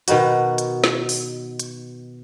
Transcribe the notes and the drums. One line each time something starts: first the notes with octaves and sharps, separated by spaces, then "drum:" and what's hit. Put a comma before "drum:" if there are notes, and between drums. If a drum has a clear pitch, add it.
B2 D#3 D#4 F#4, drum: hi-hat
drum: hi-hat
drum: snare
drum: open hi-hat
drum: hi-hat